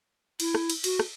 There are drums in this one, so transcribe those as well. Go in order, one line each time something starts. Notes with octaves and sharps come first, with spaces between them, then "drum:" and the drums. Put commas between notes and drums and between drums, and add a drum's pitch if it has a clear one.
E4, drum: cymbal
drum: rim click
drum: cymbal
F#4, drum: cymbal
drum: rim click